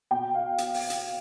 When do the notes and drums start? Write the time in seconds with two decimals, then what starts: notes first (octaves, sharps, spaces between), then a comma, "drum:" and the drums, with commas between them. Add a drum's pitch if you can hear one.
0.11 B2 G5
0.35 F5
0.58 drum: hi-hat
0.74 drum: open hi-hat
0.90 drum: hi-hat